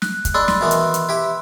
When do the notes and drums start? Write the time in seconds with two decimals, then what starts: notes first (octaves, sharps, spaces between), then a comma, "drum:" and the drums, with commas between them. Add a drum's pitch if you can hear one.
0.02 F#6, drum: snare
0.25 drum: kick, hi-hat
0.34 G#3 D4 B5 C6 E6
0.48 drum: snare
0.61 B2 D#3 E3
0.71 drum: hi-hat
0.94 drum: hi-hat
1.09 E4 G4